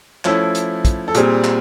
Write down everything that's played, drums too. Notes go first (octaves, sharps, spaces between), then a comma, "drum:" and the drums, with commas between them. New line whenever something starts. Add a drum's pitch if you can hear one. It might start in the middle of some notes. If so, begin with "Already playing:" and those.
F3 A3 C#4 E4, drum: clap
drum: hi-hat
drum: kick, hi-hat
A4
A#2 G3 C4 G#4, drum: hi-hat
drum: clap